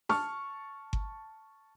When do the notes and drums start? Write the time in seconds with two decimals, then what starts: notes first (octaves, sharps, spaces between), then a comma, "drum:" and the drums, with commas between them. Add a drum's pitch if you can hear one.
0.09 A5 C#6 F6, drum: snare D4
0.93 drum: kick G1